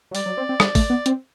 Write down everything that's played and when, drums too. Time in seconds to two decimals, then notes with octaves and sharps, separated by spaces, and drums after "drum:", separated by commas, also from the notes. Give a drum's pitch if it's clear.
0.11 F#3
0.15 G3 D5, drum: open hi-hat
0.26 F#3
0.37 C4
0.49 C4
0.60 G3, drum: rim click
0.75 A3, drum: kick, open hi-hat
0.90 B3
1.06 C4, drum: hi-hat